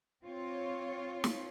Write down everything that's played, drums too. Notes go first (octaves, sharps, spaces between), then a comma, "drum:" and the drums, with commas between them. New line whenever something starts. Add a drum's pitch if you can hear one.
C4 F4 C#5
drum: snare